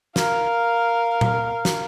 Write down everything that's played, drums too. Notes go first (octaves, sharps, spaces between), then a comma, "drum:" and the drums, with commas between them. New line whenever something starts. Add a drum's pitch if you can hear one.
A#4 F5, drum: snare
drum: tom A#2
drum: snare